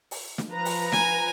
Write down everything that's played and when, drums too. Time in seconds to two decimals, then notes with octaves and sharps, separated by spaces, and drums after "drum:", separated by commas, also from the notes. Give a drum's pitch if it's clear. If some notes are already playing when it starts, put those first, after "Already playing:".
0.11 drum: open hi-hat
0.38 drum: snare
0.49 F3 B4 A#5
0.65 drum: open hi-hat
0.92 G#5, drum: snare